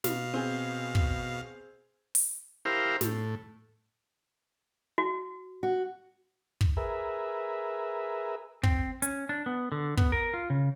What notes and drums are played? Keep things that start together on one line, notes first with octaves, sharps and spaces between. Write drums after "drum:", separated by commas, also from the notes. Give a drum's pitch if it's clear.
B2 F5, drum: snare
C4 G#4
drum: kick
drum: open hi-hat
E4 G4 A#4 C5 F5
A2, drum: snare
F#4
F#4
drum: kick
G#4 A#4 B4 E5
C4, drum: kick
C#4, drum: hi-hat
D4
B3
D3
B3, drum: kick
A#4
F4
C#3